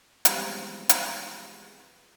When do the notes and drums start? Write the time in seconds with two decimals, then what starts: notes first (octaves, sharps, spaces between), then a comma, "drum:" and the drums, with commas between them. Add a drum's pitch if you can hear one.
0.25 E3 F3 G3 G#3 B3 C4, drum: hi-hat
0.89 drum: hi-hat